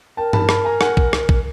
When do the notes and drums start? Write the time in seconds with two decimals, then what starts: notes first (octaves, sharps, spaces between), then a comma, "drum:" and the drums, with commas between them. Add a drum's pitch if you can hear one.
0.17 A#4 G5 A5
0.33 A5 B5, drum: tom G2
0.49 A5 B5, drum: rim click
0.65 G#5 A#5
0.81 F#5 G#5, drum: rim click
0.97 drum: kick A#1
1.13 drum: rim click
1.29 drum: kick A#1